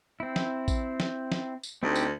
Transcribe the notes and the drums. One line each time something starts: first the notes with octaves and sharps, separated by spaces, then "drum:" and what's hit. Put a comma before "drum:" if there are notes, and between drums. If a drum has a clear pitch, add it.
C4 E4
drum: snare
drum: kick A1, tambourine
drum: snare
drum: snare
drum: tambourine
D2 C4 D#4 G4
drum: tambourine